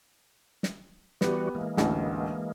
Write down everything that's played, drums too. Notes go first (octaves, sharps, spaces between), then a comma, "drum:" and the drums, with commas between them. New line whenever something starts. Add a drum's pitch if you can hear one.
drum: snare
E3 G3 B3 F#4 G4, drum: snare
E3 G#3 A#3
A1 D2, drum: snare